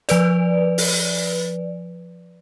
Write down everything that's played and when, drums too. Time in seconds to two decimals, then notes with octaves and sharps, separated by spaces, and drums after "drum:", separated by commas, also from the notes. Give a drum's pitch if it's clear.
0.09 F3 B4 D5, drum: hi-hat
0.78 drum: open hi-hat